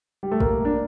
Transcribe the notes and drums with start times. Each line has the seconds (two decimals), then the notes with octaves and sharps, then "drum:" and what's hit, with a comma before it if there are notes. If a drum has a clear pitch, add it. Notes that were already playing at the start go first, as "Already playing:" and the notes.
0.23 G3
0.32 A3
0.40 A#3, drum: kick
0.65 D4